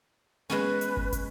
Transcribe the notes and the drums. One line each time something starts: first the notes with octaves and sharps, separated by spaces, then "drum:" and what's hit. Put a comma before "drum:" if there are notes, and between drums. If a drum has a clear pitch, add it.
G#3 B3 C#4 B4, drum: snare
drum: hi-hat
drum: kick
drum: kick, hi-hat